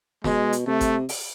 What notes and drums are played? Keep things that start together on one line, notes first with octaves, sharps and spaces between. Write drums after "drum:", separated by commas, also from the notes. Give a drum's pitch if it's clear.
B2 G#3, drum: snare
drum: hi-hat
C3 A3
drum: kick G1, hi-hat
drum: open hi-hat